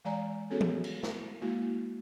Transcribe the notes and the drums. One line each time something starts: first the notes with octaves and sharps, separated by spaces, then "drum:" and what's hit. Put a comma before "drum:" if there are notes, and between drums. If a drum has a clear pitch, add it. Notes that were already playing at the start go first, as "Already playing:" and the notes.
E3 G#3 D5 G#5 A#5
B3 C#4 F#4 G#4 A4 C#5
drum: tom E3
drum: cymbal
drum: snare
G#3 A#3 E4 F#4